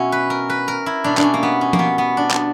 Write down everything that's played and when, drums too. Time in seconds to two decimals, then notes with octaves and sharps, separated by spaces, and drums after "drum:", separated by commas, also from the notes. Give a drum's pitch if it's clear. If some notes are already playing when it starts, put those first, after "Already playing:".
Already playing: B2 F#3 C#4 E4 F#4
0.12 B4
0.30 A#4
0.50 B4
0.68 A#4
0.86 E4
1.04 B2 G3 D4
1.17 D4, drum: clap
1.23 C#4
1.34 A#3
1.43 B3
1.61 C#4
1.73 A#3, drum: tom F3
1.79 B3
1.98 B3
2.17 D4
2.31 drum: clap